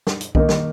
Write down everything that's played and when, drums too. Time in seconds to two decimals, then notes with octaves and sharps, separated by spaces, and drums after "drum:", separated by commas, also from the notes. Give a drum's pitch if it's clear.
0.07 drum: snare
0.21 drum: hi-hat
0.35 D#3 A#3 D#4 A#4, drum: kick B1
0.49 drum: snare